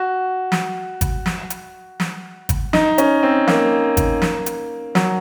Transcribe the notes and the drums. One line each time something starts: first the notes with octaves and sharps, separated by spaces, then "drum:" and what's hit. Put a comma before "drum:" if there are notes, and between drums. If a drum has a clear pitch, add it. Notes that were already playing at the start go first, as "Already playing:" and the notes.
Already playing: F#4
drum: snare
drum: kick, hi-hat
drum: snare
drum: hi-hat
drum: snare
drum: kick, hi-hat
D#4, drum: snare
C#4, drum: hi-hat
C4
A#3, drum: snare
drum: kick, hi-hat
drum: snare
drum: hi-hat
F#3, drum: snare